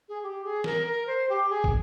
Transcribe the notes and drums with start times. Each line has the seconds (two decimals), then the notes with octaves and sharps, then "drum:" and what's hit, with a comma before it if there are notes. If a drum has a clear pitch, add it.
0.08 G#4
0.22 G4
0.44 G#4
0.64 A#4, drum: snare
0.87 A#4
1.07 C5
1.29 G4
1.50 G#4
1.64 drum: kick